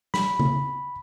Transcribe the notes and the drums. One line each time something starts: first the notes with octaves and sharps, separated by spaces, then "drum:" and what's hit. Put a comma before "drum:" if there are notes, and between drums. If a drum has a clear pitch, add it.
B5, drum: snare
drum: tom C#3